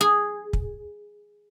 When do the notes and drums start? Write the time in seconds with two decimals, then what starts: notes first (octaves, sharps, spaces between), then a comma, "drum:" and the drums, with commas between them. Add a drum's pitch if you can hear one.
0.01 G#4
0.53 drum: kick